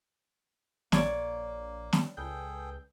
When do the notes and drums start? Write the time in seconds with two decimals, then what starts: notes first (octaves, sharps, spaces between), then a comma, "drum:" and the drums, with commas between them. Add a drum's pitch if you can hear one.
0.92 A#1 A#3 C#5 D5, drum: snare
1.93 drum: snare
2.17 C#2 G#4 A4 B4 G5 G6